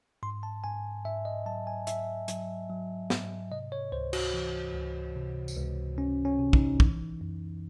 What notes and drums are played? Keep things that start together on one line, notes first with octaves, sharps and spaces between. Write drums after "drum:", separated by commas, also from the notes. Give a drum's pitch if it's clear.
G#2 C6
A5
G#2 G#5
G#2 E5
D#5
F#3 A5
G#5
G#2 E5, drum: hi-hat
F#3, drum: hi-hat
F#3
G#2, drum: snare
C3 D#5
C#5
C#2 C5
F#4, drum: cymbal
E3
C#2
C3
drum: tambourine
C#2
C#2 C#4
C#4
C3
D#4, drum: kick
E3, drum: kick
F#2